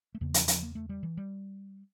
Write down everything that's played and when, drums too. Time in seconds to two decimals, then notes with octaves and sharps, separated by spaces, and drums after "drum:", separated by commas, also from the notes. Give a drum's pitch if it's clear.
0.15 A3
0.21 E2 C#3 A#3
0.34 F3, drum: hi-hat
0.48 F3, drum: hi-hat
0.63 A#3
0.75 A3
0.89 G3
1.03 E3
1.17 G3